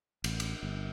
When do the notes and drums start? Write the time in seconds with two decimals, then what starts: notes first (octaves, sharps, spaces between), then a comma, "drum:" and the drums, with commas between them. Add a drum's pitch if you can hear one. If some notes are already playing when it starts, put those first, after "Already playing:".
0.24 A1, drum: cymbal
0.40 drum: cymbal
0.63 G1